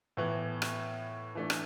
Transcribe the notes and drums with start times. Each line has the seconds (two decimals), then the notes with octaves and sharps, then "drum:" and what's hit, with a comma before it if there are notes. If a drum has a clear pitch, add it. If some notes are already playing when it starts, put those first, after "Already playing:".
0.17 A2 E3 B3
0.62 drum: rim click
1.35 E3 A3 D4
1.50 drum: rim click